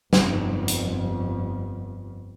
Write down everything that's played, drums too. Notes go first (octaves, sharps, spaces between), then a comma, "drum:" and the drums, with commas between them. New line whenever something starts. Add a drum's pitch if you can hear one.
G1 F2, drum: snare
drum: hi-hat